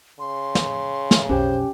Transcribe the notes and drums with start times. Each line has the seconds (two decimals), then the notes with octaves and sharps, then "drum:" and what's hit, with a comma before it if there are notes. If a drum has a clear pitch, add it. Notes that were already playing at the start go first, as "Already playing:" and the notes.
0.19 C#3 C6
0.55 drum: snare
1.11 drum: snare
1.29 B1 F2 C#4 G4 C5 G5